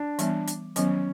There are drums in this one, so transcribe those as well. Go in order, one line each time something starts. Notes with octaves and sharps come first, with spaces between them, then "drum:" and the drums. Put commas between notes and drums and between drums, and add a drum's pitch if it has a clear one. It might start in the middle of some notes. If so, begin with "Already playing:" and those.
Already playing: D4
E3 G3 B3, drum: hi-hat
drum: hi-hat
D#3 F#3 B3 C#4, drum: hi-hat